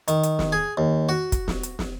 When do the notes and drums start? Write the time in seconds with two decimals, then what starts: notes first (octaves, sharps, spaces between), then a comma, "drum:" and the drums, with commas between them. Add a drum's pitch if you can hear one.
0.08 D#3, drum: hi-hat
0.23 drum: hi-hat
0.39 drum: snare
0.52 G#4
0.77 D#2
1.09 F#4
1.32 drum: kick, hi-hat
1.48 drum: snare
1.63 drum: hi-hat
1.79 drum: snare